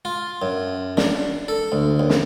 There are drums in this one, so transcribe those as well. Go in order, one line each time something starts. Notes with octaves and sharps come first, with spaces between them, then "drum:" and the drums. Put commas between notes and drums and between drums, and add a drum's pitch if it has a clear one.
F4
F#2
D4, drum: snare
A4
D2
D#2
drum: snare